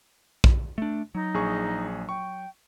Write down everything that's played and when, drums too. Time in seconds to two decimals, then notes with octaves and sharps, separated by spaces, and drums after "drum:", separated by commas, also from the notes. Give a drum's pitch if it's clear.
0.44 drum: kick
0.78 A3 D4
1.15 F#3 D#4
1.34 A#1 G#4 C#6
2.09 G5 C#6